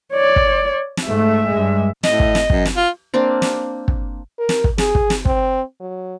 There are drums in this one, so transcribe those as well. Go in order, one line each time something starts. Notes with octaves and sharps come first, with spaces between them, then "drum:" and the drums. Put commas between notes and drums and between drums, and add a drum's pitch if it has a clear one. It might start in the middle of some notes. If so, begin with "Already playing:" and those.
C#5 D5
drum: kick
drum: snare
G#2 A3 E5
G2 G#3
A2 D#5, drum: snare
drum: kick
drum: snare
F#2, drum: kick
drum: snare
F4
A#3 C4 D4
drum: snare
drum: kick
A#4
drum: snare
drum: kick
G#4, drum: snare
drum: kick
drum: snare
C4, drum: kick
F#3